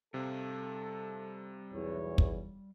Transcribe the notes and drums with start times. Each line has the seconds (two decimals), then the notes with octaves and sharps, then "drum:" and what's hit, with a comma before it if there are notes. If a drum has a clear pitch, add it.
0.14 C3 G3 A4 D5 F5
1.73 B1 E2 C#5
2.18 drum: kick